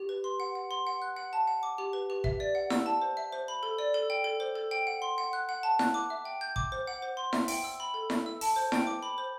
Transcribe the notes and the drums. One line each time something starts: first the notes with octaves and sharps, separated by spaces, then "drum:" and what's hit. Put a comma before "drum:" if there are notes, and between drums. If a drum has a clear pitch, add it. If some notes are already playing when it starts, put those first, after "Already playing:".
Already playing: G4
B4
C6
F#5
F#5
C6
F#5
F#6
F#5
A5
F#5
D6
G4
B4
G4
E5, drum: kick
D5
F#5
E6, drum: snare E4
A5
C5
E5
C5
B5
A4
D5
A4
G5
A4
C5
A4
G5
F#5
C6
F#5
F#6
F#5
A5
F#6, drum: snare E4
D6
E5
G5
G6
D6, drum: kick
C5
F#5
C5
C6
E5, drum: snare E4
G5, drum: open hi-hat
E6
B5
A4
E5, drum: snare E4
E6
A5, drum: open hi-hat
C5
G5, drum: snare E4
D6
B5
C5